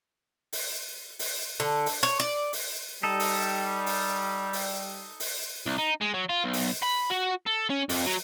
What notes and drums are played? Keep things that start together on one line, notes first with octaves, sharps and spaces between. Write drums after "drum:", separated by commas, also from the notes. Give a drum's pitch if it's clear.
drum: open hi-hat
drum: open hi-hat
D3
drum: open hi-hat
C#5
D5
drum: open hi-hat
G3 D#4 A4
drum: open hi-hat
drum: open hi-hat
drum: open hi-hat
drum: open hi-hat
C2
D#4
G#3
F#3
F4
B1
drum: open hi-hat
B5
F#4
A4
C#4
F2, drum: open hi-hat
F#3